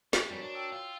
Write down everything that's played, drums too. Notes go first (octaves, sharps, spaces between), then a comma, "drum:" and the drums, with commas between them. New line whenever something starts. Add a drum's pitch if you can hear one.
A3 G4 C5 G#5, drum: snare
F2 G3 F#4 A#4 C#5
D4
G5 E6
F4